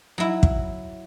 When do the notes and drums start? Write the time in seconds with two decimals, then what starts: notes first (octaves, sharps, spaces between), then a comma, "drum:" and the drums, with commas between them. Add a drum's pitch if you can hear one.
0.18 F#3 E4
0.43 drum: kick